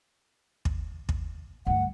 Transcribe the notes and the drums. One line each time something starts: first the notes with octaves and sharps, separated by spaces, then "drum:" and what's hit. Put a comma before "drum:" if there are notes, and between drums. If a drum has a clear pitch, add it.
drum: kick
drum: kick
D2 G2 F#5